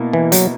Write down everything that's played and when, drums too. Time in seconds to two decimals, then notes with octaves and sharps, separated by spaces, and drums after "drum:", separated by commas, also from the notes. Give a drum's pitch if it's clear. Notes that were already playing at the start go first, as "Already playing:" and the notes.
Already playing: B2 A#3 E4
0.13 E3
0.32 F#3, drum: hi-hat